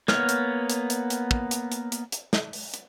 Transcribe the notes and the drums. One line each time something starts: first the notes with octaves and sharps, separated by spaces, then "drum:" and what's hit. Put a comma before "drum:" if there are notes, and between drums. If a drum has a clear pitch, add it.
A#3 B3 C#5 F6, drum: snare
drum: hi-hat
drum: hi-hat
drum: hi-hat
drum: hi-hat
drum: kick
drum: hi-hat
drum: hi-hat
drum: hi-hat
drum: hi-hat
drum: snare
drum: open hi-hat
drum: hi-hat